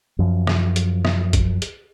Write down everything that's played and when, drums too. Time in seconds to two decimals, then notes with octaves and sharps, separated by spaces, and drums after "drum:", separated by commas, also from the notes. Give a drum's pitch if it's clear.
0.19 F#2 F3
0.47 drum: rim click
0.76 drum: hi-hat
1.05 drum: rim click
1.33 drum: kick, hi-hat
1.62 drum: hi-hat